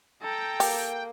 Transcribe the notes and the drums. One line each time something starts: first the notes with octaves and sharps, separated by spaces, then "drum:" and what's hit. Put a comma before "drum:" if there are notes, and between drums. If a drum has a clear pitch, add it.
A4 G5 A#5
A#3 G4, drum: open hi-hat